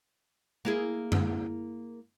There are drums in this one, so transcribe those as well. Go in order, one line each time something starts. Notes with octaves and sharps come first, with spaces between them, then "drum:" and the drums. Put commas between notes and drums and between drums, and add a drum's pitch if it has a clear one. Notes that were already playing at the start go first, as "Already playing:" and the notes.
A#3 E4 G#4
drum: tom F#2